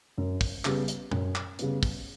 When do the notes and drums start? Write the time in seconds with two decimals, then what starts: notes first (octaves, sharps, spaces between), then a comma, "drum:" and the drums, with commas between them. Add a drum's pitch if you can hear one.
0.18 F#2
0.41 drum: kick, open hi-hat
0.65 C#3 G3 B3, drum: clap
0.88 drum: hi-hat
1.11 F#2, drum: tom A#2
1.35 drum: clap
1.59 C#3 G3 B3, drum: hi-hat
1.83 drum: kick, open hi-hat